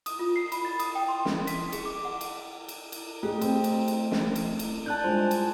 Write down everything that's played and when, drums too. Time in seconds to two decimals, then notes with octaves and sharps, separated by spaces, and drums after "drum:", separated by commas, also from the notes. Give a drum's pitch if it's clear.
0.06 D#6, drum: cymbal
0.19 F4
0.36 C7
0.52 B5, drum: cymbal
0.65 A6
0.79 D#6, drum: cymbal
0.95 G5
1.08 C6
1.25 drum: snare
1.47 B6, drum: cymbal
1.72 G#4, drum: cymbal
1.85 D6
2.05 F#5
2.21 drum: cymbal
2.68 drum: cymbal
2.92 drum: cymbal
3.23 A3 G4 G#4
3.41 C4, drum: cymbal
3.64 drum: cymbal
3.88 drum: cymbal
4.12 drum: snare
4.36 drum: cymbal
4.59 drum: cymbal
4.86 D4 A5 F#6 G6
5.04 G3 G#3 F4 C5 G#5
5.31 drum: cymbal